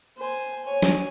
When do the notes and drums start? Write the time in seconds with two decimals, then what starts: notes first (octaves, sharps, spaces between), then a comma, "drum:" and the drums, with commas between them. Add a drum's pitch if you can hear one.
0.17 C5 G#5
0.65 C#5 G#5
0.82 drum: snare